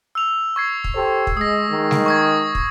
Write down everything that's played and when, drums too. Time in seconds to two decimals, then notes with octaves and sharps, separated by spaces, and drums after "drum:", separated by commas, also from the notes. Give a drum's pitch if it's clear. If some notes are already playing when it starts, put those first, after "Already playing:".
0.15 E6 F7
0.56 C#6 G#6 C7
0.84 drum: kick
0.94 G4 A4 C5
1.27 drum: kick
1.37 G#3 D#6 A#6
1.70 D#3 G#3
1.91 drum: snare G3
2.06 C#6 D#6 G#6
2.55 drum: kick